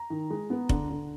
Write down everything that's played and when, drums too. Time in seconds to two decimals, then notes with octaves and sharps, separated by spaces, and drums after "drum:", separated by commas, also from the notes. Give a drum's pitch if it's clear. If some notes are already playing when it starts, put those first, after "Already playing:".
Already playing: A#5
0.10 D#3
0.30 G#3
0.50 B3
0.69 D3, drum: kick F1
0.90 D3